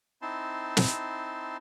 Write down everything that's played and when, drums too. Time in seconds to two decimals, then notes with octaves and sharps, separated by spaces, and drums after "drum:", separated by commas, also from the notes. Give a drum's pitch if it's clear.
0.22 C4 D#4 E4 A5 C6
0.77 drum: snare